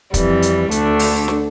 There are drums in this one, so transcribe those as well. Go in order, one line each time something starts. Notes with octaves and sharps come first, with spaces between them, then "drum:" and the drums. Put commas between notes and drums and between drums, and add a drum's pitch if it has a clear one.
F2 E3 G3, drum: kick, hi-hat
drum: hi-hat
D2 D3 A3 D4, drum: hi-hat
drum: open hi-hat
drum: snare